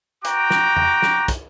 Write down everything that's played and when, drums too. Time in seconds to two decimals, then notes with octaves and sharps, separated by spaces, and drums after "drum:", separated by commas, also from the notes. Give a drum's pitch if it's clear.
0.24 F#4 G5 A#5 D6, drum: hi-hat
0.50 drum: snare
0.76 drum: tom E2
1.02 drum: snare
1.28 drum: kick, hi-hat